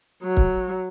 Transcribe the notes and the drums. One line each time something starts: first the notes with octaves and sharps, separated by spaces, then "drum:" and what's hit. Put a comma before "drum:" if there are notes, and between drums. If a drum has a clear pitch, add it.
F#3
drum: kick